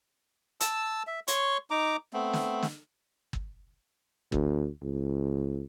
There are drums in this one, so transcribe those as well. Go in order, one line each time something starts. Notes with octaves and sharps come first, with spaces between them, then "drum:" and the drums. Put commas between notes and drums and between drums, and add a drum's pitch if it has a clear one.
A5 E6, drum: hi-hat
E5
C#5 C6 C#6, drum: hi-hat
D#4 A#5 D6
A3 B3 C4
drum: snare
drum: snare
drum: kick G1
D2, drum: kick G1
C#2